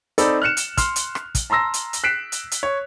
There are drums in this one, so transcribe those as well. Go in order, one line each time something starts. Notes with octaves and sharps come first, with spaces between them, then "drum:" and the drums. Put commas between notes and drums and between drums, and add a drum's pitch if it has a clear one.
C4 D#4 A4 D5 B5, drum: hi-hat
F6 F#6 C#7 E7
drum: hi-hat
C6 F6, drum: kick, hi-hat
drum: hi-hat
drum: rim click
drum: kick, hi-hat
A5 A#5 C6 E6 A#6
drum: hi-hat
drum: hi-hat
F#6 B6 C7 D7 E7
drum: hi-hat
drum: hi-hat
C#5